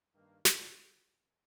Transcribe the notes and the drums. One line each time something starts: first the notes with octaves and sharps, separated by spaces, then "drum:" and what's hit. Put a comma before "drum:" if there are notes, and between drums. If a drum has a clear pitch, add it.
G2 D#3 A#3
G1 G2 F3 A3 D4, drum: snare